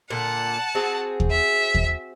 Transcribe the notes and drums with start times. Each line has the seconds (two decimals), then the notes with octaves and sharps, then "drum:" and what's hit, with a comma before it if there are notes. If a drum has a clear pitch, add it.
0.10 A#2 D3 F#5 A5
0.75 C4 F#4 G#4
1.20 drum: kick D#2
1.31 E5
1.75 drum: kick D#2